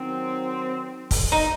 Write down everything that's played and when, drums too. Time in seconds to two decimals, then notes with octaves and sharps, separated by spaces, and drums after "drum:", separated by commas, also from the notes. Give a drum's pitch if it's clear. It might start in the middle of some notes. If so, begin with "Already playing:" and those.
Already playing: D#3 F#3 C4
1.11 drum: kick, open hi-hat
1.32 D#4